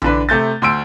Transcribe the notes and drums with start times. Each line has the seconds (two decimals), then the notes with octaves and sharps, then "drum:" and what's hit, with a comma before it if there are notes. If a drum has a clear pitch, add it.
0.02 D3 E3 D4 B4, drum: tom A#1
0.29 C3 A3 G6 A6
0.62 D2 C6 E6 D7